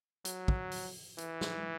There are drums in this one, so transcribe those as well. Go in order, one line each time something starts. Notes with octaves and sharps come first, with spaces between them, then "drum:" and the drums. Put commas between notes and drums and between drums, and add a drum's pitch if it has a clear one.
F#3, drum: hi-hat
drum: kick
drum: open hi-hat
E3, drum: hi-hat
drum: snare